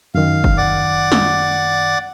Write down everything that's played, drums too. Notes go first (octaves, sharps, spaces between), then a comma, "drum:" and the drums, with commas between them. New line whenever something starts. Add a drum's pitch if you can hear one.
F#2 D#3 F5
drum: kick
D5 F#5 D6
drum: snare